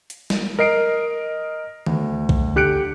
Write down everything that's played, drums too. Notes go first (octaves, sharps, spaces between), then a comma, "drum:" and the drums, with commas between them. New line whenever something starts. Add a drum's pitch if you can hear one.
drum: hi-hat
drum: snare
A#4 D#5 C7 D7
D2, drum: tom D#3
drum: kick B1
D3 G4 F#6 C#7 D7